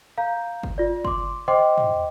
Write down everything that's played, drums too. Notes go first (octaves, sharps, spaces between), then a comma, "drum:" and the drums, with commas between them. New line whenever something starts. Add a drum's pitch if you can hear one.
F5 A#5 G6
drum: kick G1
F4 D5
C6 D6, drum: kick G1
C5 D#5 G5 C6 D6
drum: tom